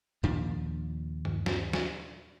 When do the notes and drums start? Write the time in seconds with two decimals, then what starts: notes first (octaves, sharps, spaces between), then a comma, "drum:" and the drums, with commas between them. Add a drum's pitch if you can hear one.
0.23 D#2 A#2 F3 D4
1.25 drum: tom G2
1.46 drum: snare
1.73 drum: snare